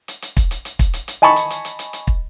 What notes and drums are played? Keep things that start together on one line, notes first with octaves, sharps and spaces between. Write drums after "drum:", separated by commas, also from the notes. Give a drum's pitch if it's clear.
drum: hi-hat
drum: hi-hat
drum: kick, hi-hat
drum: hi-hat
drum: hi-hat
drum: kick, hi-hat
drum: hi-hat
drum: hi-hat
D#5 G#5 A5 B5 C#6
drum: hi-hat
drum: hi-hat
drum: hi-hat
drum: hi-hat
drum: hi-hat
drum: kick